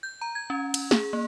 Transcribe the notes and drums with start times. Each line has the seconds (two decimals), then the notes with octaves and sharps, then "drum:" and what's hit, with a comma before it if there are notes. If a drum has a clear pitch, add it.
0.03 G6
0.21 A#5
0.35 G#6
0.50 C#4
0.74 drum: cymbal
0.91 G#4, drum: snare
1.13 A#3